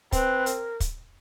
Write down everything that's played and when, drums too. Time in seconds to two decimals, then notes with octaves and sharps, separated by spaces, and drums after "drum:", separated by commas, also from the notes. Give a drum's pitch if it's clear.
0.12 C4 B4, drum: kick, hi-hat
0.46 A#4, drum: hi-hat
0.80 drum: kick, hi-hat